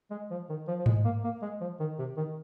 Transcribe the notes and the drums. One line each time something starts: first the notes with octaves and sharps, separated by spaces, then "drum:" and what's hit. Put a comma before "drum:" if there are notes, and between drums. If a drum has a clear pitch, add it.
G#3
F3
D#3
F3
F3
G#3, drum: tom G#2
A#3
A#3
G#3
F3
D#3
C3
D#3